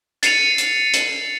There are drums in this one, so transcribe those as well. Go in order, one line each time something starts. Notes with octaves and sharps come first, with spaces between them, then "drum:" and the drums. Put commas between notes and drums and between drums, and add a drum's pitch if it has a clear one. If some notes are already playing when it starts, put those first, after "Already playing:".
A6 C7 C#7 D#7 F7, drum: hi-hat
drum: hi-hat
drum: hi-hat